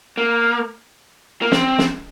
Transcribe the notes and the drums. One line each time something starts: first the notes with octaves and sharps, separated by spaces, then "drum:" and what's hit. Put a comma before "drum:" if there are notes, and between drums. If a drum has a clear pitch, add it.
A#3
A#3
C4, drum: snare
drum: snare